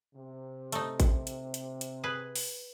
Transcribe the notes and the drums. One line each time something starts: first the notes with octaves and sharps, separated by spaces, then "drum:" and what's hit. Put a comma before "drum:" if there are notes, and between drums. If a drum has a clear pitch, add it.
C3
A3 D#4, drum: hi-hat
drum: kick A1, hi-hat
drum: hi-hat
drum: hi-hat
drum: hi-hat
G#4 B4
drum: open hi-hat